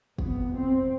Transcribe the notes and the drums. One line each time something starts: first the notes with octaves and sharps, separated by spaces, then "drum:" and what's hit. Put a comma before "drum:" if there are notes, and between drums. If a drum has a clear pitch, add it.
F2 C3 B3, drum: kick
C4